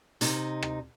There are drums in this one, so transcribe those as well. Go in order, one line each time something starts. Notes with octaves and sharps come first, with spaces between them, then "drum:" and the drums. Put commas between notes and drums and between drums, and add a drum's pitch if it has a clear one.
C3 D#4, drum: hi-hat
drum: rim click